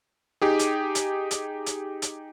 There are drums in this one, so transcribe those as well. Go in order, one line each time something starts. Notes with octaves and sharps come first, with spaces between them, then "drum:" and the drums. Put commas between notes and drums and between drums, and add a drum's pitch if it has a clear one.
D#4 G4 G#4
drum: hi-hat
drum: hi-hat
drum: hi-hat
drum: hi-hat
drum: hi-hat